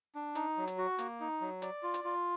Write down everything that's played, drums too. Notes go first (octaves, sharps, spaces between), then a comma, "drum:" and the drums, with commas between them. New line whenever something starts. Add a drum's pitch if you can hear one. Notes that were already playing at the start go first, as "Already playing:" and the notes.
D4
D#4, drum: hi-hat
F#3
drum: hi-hat
F#4
A#3, drum: hi-hat
D#4
F#3
D5, drum: hi-hat
F4
drum: hi-hat
F4